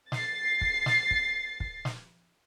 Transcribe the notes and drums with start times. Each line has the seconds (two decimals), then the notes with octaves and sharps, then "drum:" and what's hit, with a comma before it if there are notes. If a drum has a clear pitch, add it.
0.12 A6 C7, drum: snare
0.61 drum: kick
0.86 drum: snare
1.11 drum: kick
1.60 drum: kick
1.85 drum: snare